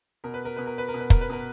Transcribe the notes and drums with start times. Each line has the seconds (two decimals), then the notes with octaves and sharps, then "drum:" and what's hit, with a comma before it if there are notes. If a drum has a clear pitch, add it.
0.24 B2 A#4
0.34 B4
0.45 A#4
0.56 B2 B4
0.67 A#4
0.78 B4
0.88 A#4
0.94 B2
1.00 B4
1.10 A#4, drum: kick
1.21 B4
1.30 B2 A#4